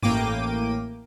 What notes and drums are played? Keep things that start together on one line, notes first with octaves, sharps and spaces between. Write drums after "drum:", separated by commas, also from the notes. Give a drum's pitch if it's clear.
A1 A2 A#3 G5 D6 D#7, drum: tom G2